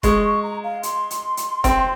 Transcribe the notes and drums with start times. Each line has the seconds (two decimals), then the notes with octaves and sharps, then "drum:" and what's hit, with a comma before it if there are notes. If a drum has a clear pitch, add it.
0.03 G#3 C#6, drum: kick F1, hi-hat
0.24 C#6
0.43 A#5
0.64 F5
0.83 C6, drum: hi-hat
1.10 drum: hi-hat
1.37 drum: hi-hat
1.64 C4, drum: kick F1, hi-hat